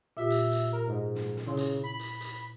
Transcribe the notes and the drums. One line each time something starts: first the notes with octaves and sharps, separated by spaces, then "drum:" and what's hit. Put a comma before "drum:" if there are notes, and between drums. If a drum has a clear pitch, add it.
A#2 F4 G4 E5
drum: hi-hat
drum: hi-hat
A#4
G#2
drum: snare
drum: snare
C#3 E4 C6
drum: hi-hat
B5
drum: hi-hat
drum: hi-hat